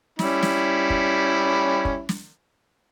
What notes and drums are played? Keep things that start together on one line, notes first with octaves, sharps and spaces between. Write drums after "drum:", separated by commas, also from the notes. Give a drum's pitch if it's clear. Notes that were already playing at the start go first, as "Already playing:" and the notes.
G3 C#4 E4, drum: snare
drum: snare
drum: kick
drum: kick
drum: snare